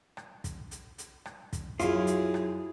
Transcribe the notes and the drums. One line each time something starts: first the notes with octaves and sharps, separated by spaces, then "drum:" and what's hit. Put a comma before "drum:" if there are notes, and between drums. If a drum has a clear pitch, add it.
drum: rim click
drum: kick, hi-hat
drum: hi-hat
drum: hi-hat
drum: rim click
drum: kick, hi-hat
F#2 E4 F4 G#4, drum: hi-hat
drum: hi-hat
drum: rim click